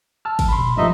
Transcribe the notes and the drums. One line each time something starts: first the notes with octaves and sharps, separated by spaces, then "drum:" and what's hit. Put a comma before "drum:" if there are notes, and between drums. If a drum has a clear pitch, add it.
A5 E6 F6
drum: kick, cymbal
B5 C6
drum: tom A#2
G2 F3 A3 D#4 D#5 E5